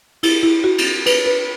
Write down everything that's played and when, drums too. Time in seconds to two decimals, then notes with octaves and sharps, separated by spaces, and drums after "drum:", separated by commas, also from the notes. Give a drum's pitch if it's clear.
0.23 E4, drum: cymbal
0.43 E4
0.64 F#4
0.78 drum: cymbal
1.06 B4, drum: cymbal
1.26 B4